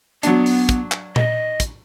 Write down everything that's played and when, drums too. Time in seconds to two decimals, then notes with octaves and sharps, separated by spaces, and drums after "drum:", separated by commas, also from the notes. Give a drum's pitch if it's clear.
0.23 F#3 B3 D4, drum: hi-hat
0.46 drum: open hi-hat
0.69 drum: kick, hi-hat
0.92 drum: clap
1.16 D#5, drum: tom A#2
1.60 drum: kick, hi-hat